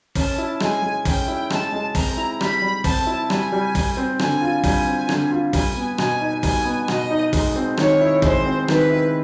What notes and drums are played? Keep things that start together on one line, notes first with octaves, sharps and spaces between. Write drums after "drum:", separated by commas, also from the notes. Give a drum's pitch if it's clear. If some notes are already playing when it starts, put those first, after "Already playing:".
C#4 A5, drum: kick, open hi-hat
E4
G#3 G#5, drum: rim click
G#3
C#4 G5, drum: kick, open hi-hat
E4
G#3 A5, drum: rim click
G#3
C4 A#5, drum: kick, open hi-hat
E4
G3 B5, drum: rim click
G3
C4 A5, drum: kick, open hi-hat
E4
G3 G#5, drum: rim click
G3
G3, drum: kick, open hi-hat
C4
D3 G#5, drum: rim click
F4
G3 G#5, drum: kick, open hi-hat
C4
D3, drum: rim click
F4
G3 G#5, drum: kick, open hi-hat
B3
B2 G#5, drum: rim click
D#4
G3 G#5, drum: kick, open hi-hat
B3
B2 D#5, drum: rim click
D#4
G#3, drum: kick, open hi-hat
C4
D#3 C#5, drum: rim click
E4
G#3 C5, drum: kick
C4
D#3 B4, drum: rim click
E4